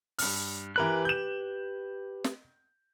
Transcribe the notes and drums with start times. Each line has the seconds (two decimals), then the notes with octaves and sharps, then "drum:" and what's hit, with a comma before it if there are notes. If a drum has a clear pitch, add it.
0.19 G2 F6, drum: open hi-hat
0.76 E3 G4 A#4 B4 B5 F#6
1.05 G6 E7
2.24 drum: snare